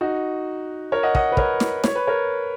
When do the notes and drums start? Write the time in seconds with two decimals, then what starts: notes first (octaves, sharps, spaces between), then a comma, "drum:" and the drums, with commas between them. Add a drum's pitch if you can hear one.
0.01 D#4 F#4
0.92 A#4 C#5
1.03 D#5 F#5
1.15 D#5 F#5, drum: kick
1.32 B4
1.37 A#4 C#5, drum: kick
1.60 drum: snare
1.84 C#5, drum: snare
1.95 B4
2.07 A#4 C#5